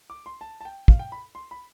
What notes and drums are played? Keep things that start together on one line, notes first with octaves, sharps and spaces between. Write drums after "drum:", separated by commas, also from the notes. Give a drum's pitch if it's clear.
D6
C6
A5
A5
G5
F5, drum: kick
G5
B5
C6
B5